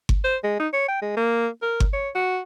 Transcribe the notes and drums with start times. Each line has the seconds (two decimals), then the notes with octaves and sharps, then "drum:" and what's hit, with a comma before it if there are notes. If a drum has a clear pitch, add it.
0.09 drum: kick G1
0.24 C5
0.44 G#3
0.60 D#4
0.73 C#5
0.89 G5
1.02 G#3
1.17 A#3
1.62 A#4
1.80 drum: kick G1
1.93 C#5
2.15 F#4